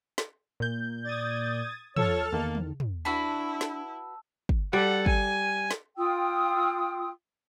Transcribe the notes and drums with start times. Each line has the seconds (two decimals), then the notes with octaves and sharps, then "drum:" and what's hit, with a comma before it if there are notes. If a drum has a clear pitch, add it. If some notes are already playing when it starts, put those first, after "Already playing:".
0.18 drum: snare
0.60 A#2 G6
1.05 D5 D#6 G#6 A6
1.96 F3 A4 C#5 A5 E6 F6, drum: tom
2.33 E2 D#3 A#3
2.55 drum: tom
2.80 drum: tom
3.05 D4 E4 F#4 B4 A5 B5 E6
3.61 drum: snare
4.49 drum: kick
4.73 G3 A4 F#5
5.06 G#5, drum: kick
5.71 drum: snare
5.96 F4 G5 D#6 E6